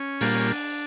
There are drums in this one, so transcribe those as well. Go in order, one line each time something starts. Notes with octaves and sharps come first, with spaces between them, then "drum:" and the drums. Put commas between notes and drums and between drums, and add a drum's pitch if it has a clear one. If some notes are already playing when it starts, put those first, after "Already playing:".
Already playing: C#4
A#2 G3 A#3 D4, drum: open hi-hat
C#4
D4